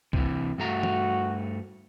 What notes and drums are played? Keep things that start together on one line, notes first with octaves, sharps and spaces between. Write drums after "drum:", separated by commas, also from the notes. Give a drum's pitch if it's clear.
C3 E3, drum: kick C2
G2 A3 F#4 A#5
drum: tom